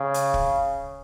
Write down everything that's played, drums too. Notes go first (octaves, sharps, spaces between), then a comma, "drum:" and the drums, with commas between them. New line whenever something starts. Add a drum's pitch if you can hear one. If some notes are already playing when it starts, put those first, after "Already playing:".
Already playing: C#3
drum: hi-hat
drum: kick